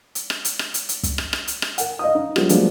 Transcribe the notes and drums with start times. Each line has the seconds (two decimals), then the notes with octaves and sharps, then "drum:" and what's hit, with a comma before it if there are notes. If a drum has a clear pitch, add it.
0.15 drum: hi-hat
0.30 drum: rim click
0.45 drum: hi-hat
0.59 drum: rim click
0.74 drum: hi-hat
0.89 drum: hi-hat
1.03 drum: kick, hi-hat
1.18 drum: rim click
1.33 drum: rim click
1.48 drum: hi-hat
1.62 drum: rim click
1.78 A#4 F#5, drum: hi-hat
1.99 D#5 F5 D#6
2.15 D#4
2.36 F#3 G#3 B3 F4 G4, drum: rim click
2.49 F3 F#3 G#3 A#3 B3 D4, drum: hi-hat